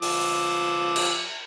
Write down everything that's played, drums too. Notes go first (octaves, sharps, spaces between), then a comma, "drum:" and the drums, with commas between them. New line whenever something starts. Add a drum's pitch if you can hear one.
F3 D6 E6, drum: open hi-hat
drum: cymbal